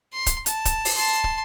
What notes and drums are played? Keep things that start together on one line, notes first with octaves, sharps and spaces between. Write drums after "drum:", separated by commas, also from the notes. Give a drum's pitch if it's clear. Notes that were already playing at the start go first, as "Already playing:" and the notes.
C6
drum: kick, hi-hat
A5, drum: hi-hat
drum: kick, hi-hat
drum: open hi-hat
A5 C6
drum: kick